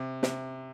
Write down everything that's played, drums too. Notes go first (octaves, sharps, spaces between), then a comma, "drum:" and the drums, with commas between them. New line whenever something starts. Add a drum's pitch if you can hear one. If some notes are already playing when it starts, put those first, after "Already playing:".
Already playing: C3
C3, drum: snare